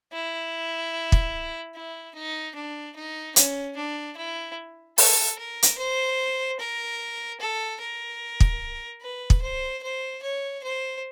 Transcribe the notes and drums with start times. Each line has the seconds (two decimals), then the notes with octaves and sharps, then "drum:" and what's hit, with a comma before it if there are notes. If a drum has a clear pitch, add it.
0.13 E4
1.12 drum: kick
1.75 E4
2.14 D#4
2.55 D4
2.96 D#4
3.36 C#4, drum: hi-hat
3.76 D4
4.17 E4
4.98 A4, drum: open hi-hat
5.38 A#4
5.63 drum: hi-hat
5.78 C5
6.59 A#4
7.40 A4
7.80 A#4
8.40 drum: kick
9.01 B4
9.30 drum: kick
9.42 C5
9.83 C5
10.23 C#5
10.63 C5